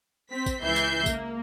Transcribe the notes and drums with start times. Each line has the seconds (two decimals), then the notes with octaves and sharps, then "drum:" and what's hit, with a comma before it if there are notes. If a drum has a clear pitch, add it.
0.32 C4 B6
0.46 drum: kick, tambourine
0.62 C#2 E3 E5 G6 C7
0.76 drum: tambourine
1.06 A#3, drum: kick, tambourine